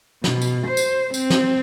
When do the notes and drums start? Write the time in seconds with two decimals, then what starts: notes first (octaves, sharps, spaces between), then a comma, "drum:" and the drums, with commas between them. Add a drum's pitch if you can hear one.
0.24 B2, drum: snare
0.42 drum: tambourine
0.67 C5
0.77 drum: tambourine
1.14 C4, drum: tambourine
1.30 drum: snare